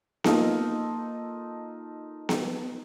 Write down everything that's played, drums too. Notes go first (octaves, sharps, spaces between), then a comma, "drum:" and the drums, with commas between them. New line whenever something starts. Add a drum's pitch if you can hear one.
A#3 D#4 F4 A4 D#5, drum: snare B3
drum: snare B3